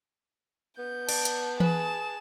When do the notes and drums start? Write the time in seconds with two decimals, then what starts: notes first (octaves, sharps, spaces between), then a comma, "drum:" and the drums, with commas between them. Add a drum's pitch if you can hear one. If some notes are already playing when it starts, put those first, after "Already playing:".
0.79 B3 G6
1.09 D5 A5, drum: cymbal
1.25 drum: hi-hat
1.60 G#4 B4 A5 E7, drum: tom E3